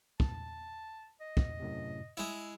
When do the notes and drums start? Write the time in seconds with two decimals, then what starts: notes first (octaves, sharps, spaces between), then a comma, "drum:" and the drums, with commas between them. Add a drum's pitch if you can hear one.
0.20 A5, drum: kick
1.21 D#5
1.37 drum: kick
1.60 F#2 A2 C3
2.17 G#3 E4 E6